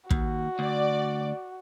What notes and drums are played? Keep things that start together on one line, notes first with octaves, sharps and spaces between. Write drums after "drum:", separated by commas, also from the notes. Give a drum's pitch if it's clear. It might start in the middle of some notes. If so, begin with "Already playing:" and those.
D#2 F#4, drum: kick
D2 D5